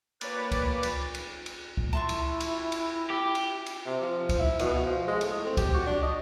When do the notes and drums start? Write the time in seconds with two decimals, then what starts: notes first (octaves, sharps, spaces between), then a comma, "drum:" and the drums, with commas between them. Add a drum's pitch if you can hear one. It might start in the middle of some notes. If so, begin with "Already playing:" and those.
0.21 A#3 B4 C#5 D5 A6, drum: cymbal
0.51 drum: kick C#2, cymbal
0.83 drum: cymbal
1.14 drum: cymbal
1.46 drum: cymbal
1.77 drum: kick C#2
1.93 E4 E5 A5 C6 C#6
2.09 drum: cymbal
2.40 drum: cymbal
2.72 drum: cymbal
3.10 G4
3.35 drum: cymbal
3.66 drum: cymbal
3.86 C3
4.02 F3
4.29 drum: kick C#2, cymbal
4.39 E4
4.59 B2, drum: cymbal
4.85 F3
5.07 G#3
5.21 A2, drum: cymbal
5.46 C4
5.57 G4, drum: kick C#2, cymbal
5.74 F#4
5.87 D4
6.02 D#5